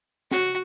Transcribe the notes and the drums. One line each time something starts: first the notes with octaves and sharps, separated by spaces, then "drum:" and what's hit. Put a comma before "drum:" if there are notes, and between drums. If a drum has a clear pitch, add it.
F#4, drum: snare